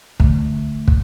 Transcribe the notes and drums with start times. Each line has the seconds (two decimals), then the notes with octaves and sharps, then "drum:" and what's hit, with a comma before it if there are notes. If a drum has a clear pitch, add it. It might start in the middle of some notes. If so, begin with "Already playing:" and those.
0.20 D3 A3, drum: kick
0.88 drum: kick